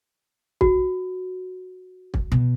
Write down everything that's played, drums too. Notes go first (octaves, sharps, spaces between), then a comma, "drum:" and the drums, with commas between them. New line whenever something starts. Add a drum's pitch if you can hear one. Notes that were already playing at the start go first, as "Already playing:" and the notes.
F#4, drum: kick
drum: kick
B2